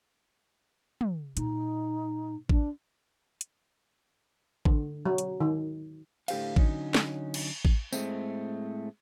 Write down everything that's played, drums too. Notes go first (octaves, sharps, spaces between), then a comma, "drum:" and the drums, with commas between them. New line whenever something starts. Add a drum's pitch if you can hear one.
drum: tom
A#2 D#4, drum: hi-hat
D4, drum: kick A1
drum: hi-hat
D3, drum: kick A1
F#3
drum: hi-hat
D#3
A2 D3 G4 C5 F5, drum: cymbal
D3 F#3 C#4 D#4, drum: kick A1
drum: snare
drum: cymbal
drum: kick A1
A2 G#3 A3 C4, drum: tambourine